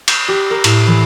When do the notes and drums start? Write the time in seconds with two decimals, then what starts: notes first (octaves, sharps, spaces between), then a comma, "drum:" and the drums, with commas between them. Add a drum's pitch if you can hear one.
0.08 G6, drum: cymbal
0.28 G4
0.50 A#4
0.64 A2, drum: cymbal
0.87 E3